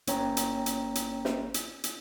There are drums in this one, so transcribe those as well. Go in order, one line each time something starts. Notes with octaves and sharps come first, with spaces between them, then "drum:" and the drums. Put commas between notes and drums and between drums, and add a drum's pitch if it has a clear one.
G1 A#3 C#4 C#5 G5 A#5, drum: hi-hat
drum: hi-hat
drum: hi-hat
drum: hi-hat
drum: snare
drum: hi-hat
drum: hi-hat